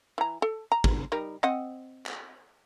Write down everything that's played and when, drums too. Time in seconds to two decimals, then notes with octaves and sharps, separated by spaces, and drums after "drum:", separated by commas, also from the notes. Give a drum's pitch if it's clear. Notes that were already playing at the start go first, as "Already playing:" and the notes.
0.18 E3 A#5
0.42 A4
0.72 A#5
0.84 drum: kick
1.12 G3 D#4 A#4
1.43 C4 D#5 F#5
2.06 drum: clap